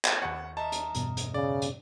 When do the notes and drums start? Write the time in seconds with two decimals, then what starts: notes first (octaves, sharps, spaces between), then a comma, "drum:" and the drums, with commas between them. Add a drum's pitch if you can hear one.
0.05 drum: clap
0.22 D#2 F#5 C#6
0.57 D#4 A#4 E5 A5
0.72 drum: hi-hat
0.95 E2 G2 B2, drum: hi-hat
1.17 drum: hi-hat
1.34 C#3 D5
1.62 drum: hi-hat